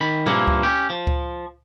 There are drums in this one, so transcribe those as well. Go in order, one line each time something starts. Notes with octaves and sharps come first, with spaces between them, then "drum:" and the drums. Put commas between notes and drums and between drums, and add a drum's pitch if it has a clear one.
D#3 B5
G2 A#2 F3 A#3 E4, drum: tom A#2
drum: kick C#2
C#4 G4
F3
drum: kick C#2